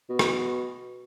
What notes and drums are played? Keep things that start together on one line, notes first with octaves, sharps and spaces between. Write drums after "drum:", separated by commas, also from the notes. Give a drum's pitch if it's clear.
B2
drum: rim click